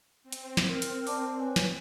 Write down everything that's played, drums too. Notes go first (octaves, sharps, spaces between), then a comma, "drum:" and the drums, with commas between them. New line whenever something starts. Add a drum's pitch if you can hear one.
C4
drum: hi-hat
drum: snare
A#4
drum: hi-hat
D5 A5 D6, drum: open hi-hat
B4 C#5 G#5
drum: snare